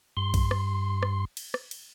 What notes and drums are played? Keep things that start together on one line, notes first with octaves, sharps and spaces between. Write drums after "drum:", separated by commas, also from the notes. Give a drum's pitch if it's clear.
G2 C6
drum: kick A#1, cymbal
drum: rim click
drum: rim click
drum: cymbal
drum: rim click
drum: cymbal